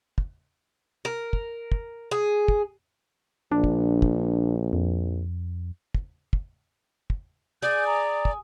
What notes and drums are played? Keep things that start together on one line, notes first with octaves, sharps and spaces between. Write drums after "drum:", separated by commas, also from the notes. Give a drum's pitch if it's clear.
drum: kick
A#4
drum: kick
drum: kick
G#4
drum: kick
A#1 D4
drum: kick
drum: kick
F2
drum: kick
drum: kick
drum: kick
G#4 D5 G6
A#5
drum: kick